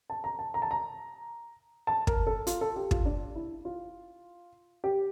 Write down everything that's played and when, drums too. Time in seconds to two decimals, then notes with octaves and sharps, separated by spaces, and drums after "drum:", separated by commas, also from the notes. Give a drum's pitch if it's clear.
0.10 A5
0.24 A#5
0.39 A5
0.54 A#5
0.62 A5
0.71 A#5
1.87 A5
2.07 A#4, drum: kick
2.27 A4
2.47 F4, drum: hi-hat
2.61 A4
2.76 G4
2.91 F4, drum: kick
3.05 D4
3.36 E4
3.65 F4
4.84 G4